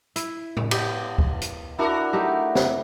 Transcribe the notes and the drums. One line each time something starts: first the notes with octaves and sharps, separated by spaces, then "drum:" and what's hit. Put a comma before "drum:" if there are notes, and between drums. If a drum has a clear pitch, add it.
E4, drum: hi-hat
drum: tom A2
B3 G4 D#5, drum: cymbal
drum: kick C#2
drum: hi-hat
D4 E4 F#4 A#4
A3 D#4 G4
drum: snare